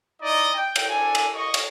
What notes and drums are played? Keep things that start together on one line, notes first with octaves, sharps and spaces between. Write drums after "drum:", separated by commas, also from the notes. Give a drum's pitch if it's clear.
D#4 E4 D5 D#5
G5
drum: cymbal
D4 A4 G#5
drum: cymbal
D#5 C#6
drum: cymbal